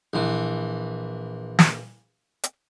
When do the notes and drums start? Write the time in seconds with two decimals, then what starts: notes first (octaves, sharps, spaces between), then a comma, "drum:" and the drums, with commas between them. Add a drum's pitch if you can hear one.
0.14 A#1 E3
1.59 drum: snare
2.43 drum: hi-hat